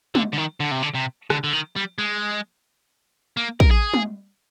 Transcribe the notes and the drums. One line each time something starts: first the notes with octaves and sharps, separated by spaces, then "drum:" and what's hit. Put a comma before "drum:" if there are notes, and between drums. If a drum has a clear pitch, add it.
D3, drum: tom
D3
D#3
D3
C3
D3
C3
D3, drum: rim click
D3
D#3
G3
G#3
A#3
A#4, drum: kick
G#4
drum: tom